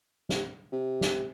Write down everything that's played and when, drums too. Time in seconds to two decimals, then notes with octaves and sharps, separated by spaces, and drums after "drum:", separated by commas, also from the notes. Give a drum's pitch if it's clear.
0.29 C3, drum: snare
0.72 C3
1.01 drum: snare